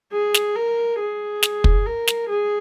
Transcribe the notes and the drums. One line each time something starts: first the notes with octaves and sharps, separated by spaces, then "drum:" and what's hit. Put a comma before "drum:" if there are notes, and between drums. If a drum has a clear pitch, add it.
G#4
drum: snare
A#4
G#4
drum: snare
drum: kick
A#4
drum: snare
G#4